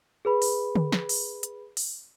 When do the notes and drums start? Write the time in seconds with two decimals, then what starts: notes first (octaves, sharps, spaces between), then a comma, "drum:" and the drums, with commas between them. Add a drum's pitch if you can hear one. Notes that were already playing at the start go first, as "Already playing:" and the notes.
0.25 G#4 B4 B5
0.42 drum: open hi-hat
0.76 drum: tom D3
0.92 drum: snare
1.09 drum: open hi-hat
1.43 drum: hi-hat
1.77 drum: open hi-hat